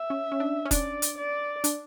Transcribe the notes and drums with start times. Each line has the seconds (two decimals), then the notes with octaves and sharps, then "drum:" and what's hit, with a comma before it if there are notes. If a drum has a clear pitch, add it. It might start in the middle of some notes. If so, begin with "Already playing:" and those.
Already playing: E5
0.10 C#4
0.32 C#4
0.40 D4
0.65 C#4
0.71 D4 D5, drum: kick F1, hi-hat
1.02 drum: hi-hat
1.17 D5
1.64 D4, drum: hi-hat